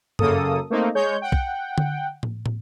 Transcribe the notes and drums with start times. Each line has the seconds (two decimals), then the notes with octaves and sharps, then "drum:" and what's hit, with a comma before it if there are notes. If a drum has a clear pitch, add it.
0.19 F#2 C#3 A#3 A4 D#6, drum: tom G2
0.70 A3 A#3 C4 D#4
0.95 G#3 C#5 G6
1.22 F#5 G5
1.32 drum: kick
1.78 drum: tom D3
2.23 drum: tom
2.46 drum: tom